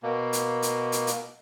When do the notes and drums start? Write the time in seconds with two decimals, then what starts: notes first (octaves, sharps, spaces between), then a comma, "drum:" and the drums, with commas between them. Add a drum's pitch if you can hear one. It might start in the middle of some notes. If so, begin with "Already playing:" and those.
0.03 B2 A#3
0.33 drum: hi-hat
0.62 drum: hi-hat
0.92 drum: hi-hat
1.07 drum: hi-hat